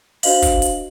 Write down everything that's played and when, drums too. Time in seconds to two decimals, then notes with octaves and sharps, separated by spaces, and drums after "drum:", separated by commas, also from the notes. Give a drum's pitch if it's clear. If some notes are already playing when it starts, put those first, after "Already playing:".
0.23 D4 F#4 C5 D#5 F5 F#7, drum: open hi-hat
0.42 drum: kick, hi-hat
0.62 drum: hi-hat